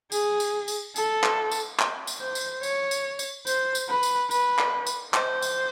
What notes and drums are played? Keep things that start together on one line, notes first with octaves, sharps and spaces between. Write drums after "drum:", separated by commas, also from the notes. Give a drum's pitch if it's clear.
G#4, drum: tambourine
drum: tambourine
drum: tambourine
A4, drum: tambourine
drum: clap
drum: tambourine
drum: clap
drum: tambourine
C5
drum: tambourine
C#5, drum: tambourine
drum: tambourine
drum: tambourine
C5, drum: tambourine
drum: tambourine
B4
drum: tambourine
B4, drum: tambourine
drum: clap
drum: tambourine
C5, drum: clap
drum: tambourine